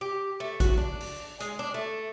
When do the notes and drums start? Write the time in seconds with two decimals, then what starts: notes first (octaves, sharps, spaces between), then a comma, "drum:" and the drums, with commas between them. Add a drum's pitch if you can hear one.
0.01 G4
0.40 A3
0.60 F#4, drum: kick A1, hi-hat
0.78 D4
1.00 drum: open hi-hat
1.40 G#3, drum: hi-hat
1.59 D4
1.74 A3